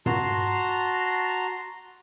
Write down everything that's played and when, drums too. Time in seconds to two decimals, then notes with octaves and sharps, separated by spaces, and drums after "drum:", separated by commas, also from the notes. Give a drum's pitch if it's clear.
0.06 F#4 A5 A#5 C6, drum: tom